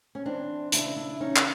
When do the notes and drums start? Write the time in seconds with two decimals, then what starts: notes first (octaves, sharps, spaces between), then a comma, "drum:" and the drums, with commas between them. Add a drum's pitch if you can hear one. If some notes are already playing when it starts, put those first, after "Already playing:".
0.15 C#4
0.26 E3 C4 D4
0.72 C#3 D4 E4, drum: hi-hat
0.96 D4 E4
1.20 E3 C#4 D#4
1.36 drum: clap